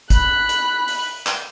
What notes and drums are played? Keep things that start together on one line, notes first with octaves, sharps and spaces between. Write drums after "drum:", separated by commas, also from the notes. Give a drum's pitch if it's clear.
B5 F#6, drum: kick, hi-hat
drum: hi-hat
drum: open hi-hat
drum: clap